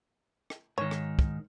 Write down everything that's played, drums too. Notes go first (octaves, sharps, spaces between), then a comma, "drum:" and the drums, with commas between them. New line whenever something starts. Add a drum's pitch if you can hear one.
drum: rim click
G#2 D#3 C#5
drum: rim click
drum: kick